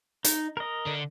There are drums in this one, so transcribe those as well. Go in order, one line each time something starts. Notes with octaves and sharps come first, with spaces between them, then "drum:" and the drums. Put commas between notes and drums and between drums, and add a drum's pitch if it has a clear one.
D#4, drum: hi-hat
A#4 D#5
D3